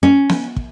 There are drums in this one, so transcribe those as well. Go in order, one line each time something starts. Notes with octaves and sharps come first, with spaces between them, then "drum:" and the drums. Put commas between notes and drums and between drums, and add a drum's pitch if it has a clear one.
C#4
drum: snare
drum: kick